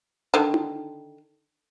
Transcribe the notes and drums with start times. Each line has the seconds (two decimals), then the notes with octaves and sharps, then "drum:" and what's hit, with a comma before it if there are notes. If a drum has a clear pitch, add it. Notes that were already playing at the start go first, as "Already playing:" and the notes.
0.34 D3 D#3
0.54 drum: tom D#4